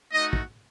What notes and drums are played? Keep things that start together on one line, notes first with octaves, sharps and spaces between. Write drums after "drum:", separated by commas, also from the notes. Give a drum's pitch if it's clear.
A3 D#4 F#4 D#5
drum: kick